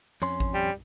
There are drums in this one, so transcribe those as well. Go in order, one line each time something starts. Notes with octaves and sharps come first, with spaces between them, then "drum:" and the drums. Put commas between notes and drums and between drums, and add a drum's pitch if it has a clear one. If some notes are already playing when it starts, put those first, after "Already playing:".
F2 C#4 C6, drum: hi-hat
drum: kick A1
G3